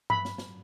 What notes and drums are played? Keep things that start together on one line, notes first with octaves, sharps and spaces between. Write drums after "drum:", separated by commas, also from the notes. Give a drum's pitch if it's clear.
B5, drum: tom G2
drum: snare
drum: snare